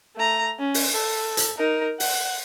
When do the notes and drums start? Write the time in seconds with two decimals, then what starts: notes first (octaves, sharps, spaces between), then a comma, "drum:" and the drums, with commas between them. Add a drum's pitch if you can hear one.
0.16 A3 A#5
0.59 C#4
0.74 drum: open hi-hat
0.93 A4
1.37 drum: hi-hat
1.58 D#4 A#4
2.00 F#5, drum: open hi-hat